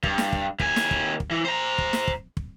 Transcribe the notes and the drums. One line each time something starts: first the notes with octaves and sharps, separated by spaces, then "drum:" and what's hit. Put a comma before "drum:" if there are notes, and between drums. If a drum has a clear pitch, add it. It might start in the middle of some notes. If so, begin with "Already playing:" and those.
G2, drum: kick
drum: snare
drum: kick
D#2 G#5, drum: kick
drum: snare
drum: kick
drum: kick
E3
C5 A#5
drum: kick
drum: snare
drum: kick
drum: kick